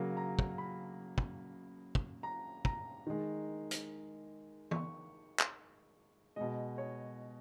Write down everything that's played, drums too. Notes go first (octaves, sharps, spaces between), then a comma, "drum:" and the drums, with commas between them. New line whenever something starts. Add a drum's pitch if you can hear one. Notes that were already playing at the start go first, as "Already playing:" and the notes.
Already playing: C#3 F#3 A#3
A#5
drum: kick
B5
drum: kick
drum: kick
A#5
A#5, drum: kick
D#3 G#3
drum: hi-hat
C#6, drum: tom
drum: clap
B2 G#3 D#5
C#5